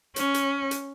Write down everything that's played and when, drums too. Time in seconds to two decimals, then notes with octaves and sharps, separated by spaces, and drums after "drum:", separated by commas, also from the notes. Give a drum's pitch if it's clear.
0.16 C#4, drum: hi-hat
0.34 drum: hi-hat
0.71 drum: hi-hat